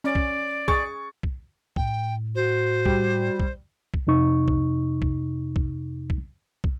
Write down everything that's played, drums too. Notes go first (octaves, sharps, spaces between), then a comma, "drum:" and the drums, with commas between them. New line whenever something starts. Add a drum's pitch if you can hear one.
C#4 D5
drum: kick
G#4 C#6 A6, drum: kick
drum: kick
A2 G5, drum: kick
F#4 C5
G3, drum: kick
drum: kick
drum: kick
F2 C3 D#4 C#6
drum: kick
drum: kick
drum: kick
drum: kick
drum: kick